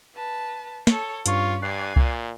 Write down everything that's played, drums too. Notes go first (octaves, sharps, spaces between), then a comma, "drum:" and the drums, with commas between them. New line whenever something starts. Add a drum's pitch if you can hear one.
B4 A5
A4 C#5, drum: snare
G2 C#4 F4 C#5 C#6, drum: hi-hat
G2 D5 G#5 F#6 C7
A#2, drum: kick C2